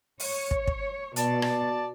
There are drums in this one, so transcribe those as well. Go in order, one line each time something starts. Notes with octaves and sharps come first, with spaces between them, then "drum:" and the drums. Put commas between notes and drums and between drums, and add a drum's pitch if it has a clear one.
C#5, drum: open hi-hat
drum: kick
drum: kick
B2 D5 A5, drum: hi-hat
drum: rim click